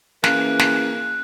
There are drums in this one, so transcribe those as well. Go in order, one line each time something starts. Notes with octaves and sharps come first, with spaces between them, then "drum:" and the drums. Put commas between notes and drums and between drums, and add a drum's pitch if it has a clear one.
E3 A#3 C#4 G#4 F#6, drum: snare
drum: snare